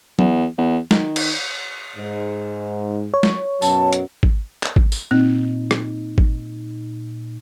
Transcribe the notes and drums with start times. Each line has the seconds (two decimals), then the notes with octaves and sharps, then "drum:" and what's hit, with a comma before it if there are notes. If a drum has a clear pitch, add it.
0.19 E2, drum: tom
0.58 E2
0.91 D#3, drum: snare
1.16 drum: cymbal
1.97 G#2
3.14 C#5
3.23 drum: snare
3.62 F#2 B2 F#3 A5, drum: tambourine
3.93 drum: hi-hat
4.23 drum: kick G#1
4.63 drum: clap
4.76 drum: kick G#1
4.92 drum: tambourine
5.11 A#2 C4 D#4
5.71 drum: rim click
6.18 drum: kick G#1